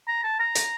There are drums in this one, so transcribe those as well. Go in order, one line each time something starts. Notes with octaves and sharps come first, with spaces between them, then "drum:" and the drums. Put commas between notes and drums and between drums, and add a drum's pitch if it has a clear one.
A#5
A5
A#5
drum: hi-hat